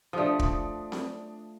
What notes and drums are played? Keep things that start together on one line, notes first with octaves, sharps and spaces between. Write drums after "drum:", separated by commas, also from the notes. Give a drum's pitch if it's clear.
F3 A3 D4 D#6
drum: kick
drum: snare C4